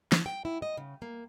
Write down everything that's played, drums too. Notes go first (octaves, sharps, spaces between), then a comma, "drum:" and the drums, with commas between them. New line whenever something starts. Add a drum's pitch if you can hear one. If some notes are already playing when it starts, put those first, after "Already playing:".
F3, drum: snare
G5
E4
D#5
C#3
A#3